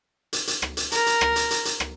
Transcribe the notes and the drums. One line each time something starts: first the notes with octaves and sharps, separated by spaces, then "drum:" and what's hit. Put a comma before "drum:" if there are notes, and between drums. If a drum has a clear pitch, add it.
drum: hi-hat
drum: hi-hat
drum: rim click
drum: hi-hat
A#4, drum: hi-hat
drum: hi-hat
drum: rim click
drum: hi-hat
drum: hi-hat
drum: hi-hat
drum: rim click